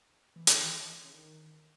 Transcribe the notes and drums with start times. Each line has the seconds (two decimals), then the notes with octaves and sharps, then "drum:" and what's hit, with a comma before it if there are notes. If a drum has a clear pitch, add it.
0.36 E3
0.47 D#3, drum: hi-hat
0.58 E3
1.04 C#3
1.13 D#3